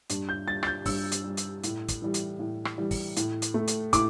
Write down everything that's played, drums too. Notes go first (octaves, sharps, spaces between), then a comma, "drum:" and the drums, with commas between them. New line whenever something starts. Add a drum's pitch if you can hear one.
G2, drum: hi-hat
G6
G3 A6
A6, drum: rim click
G6
G2 E6, drum: kick, open hi-hat
drum: hi-hat
G3
drum: hi-hat
A2, drum: hi-hat
drum: kick, hi-hat
E3 G3
drum: hi-hat
A2
drum: rim click
E3 G3
drum: kick, open hi-hat
A2, drum: hi-hat
drum: hi-hat
A3
drum: hi-hat
A2 D6, drum: kick, hi-hat